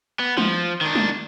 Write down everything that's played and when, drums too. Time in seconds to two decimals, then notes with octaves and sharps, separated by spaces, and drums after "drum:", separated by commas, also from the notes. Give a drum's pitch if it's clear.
0.19 B3
0.38 F3, drum: tom G3
0.81 D#3 D4
0.95 drum: tom G3